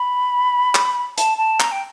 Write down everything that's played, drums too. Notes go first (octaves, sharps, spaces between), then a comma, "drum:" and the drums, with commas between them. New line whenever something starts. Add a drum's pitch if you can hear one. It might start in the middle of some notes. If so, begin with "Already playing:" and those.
Already playing: B5
drum: clap
A5, drum: hi-hat
A5
A#5, drum: clap
G5